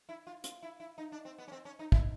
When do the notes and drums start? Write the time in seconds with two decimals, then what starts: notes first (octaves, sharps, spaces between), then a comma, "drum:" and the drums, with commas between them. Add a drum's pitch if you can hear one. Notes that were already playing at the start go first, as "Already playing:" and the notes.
0.09 E4
0.27 F4
0.44 F4, drum: hi-hat
0.63 E4
0.80 E4
0.98 D#4
1.12 D4
1.25 C4
1.38 B3
1.48 C#4
1.52 C4
1.65 C#4
1.79 D#4
1.92 E4, drum: kick